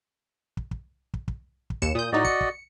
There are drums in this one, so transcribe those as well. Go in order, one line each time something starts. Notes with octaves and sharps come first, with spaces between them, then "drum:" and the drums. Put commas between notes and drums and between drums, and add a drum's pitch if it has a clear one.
drum: kick
drum: kick
drum: kick
drum: kick
drum: kick
D#2 C#7 E7, drum: kick
A#2 D#6 G6
A2 D#4 F#4 D5 D#5
C#7, drum: kick
drum: kick